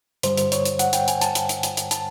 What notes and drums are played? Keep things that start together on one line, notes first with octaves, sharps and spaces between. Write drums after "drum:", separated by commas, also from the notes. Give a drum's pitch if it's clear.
G2 D3 G3 C5, drum: hi-hat
drum: hi-hat
C#5, drum: hi-hat
drum: hi-hat
F#5, drum: hi-hat
G5, drum: hi-hat
G#5, drum: hi-hat
A5, drum: hi-hat
drum: hi-hat
drum: hi-hat
drum: hi-hat
drum: hi-hat
A5, drum: hi-hat